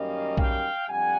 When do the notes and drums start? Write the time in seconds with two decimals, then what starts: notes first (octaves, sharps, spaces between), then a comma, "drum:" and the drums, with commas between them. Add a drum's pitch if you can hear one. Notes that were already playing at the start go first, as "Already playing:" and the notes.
Already playing: F#2 D#3 G3 A#3 C#4 D#5 F5
0.37 F5 G5, drum: kick A#1
0.87 F2 D3 G3 F#5 G#5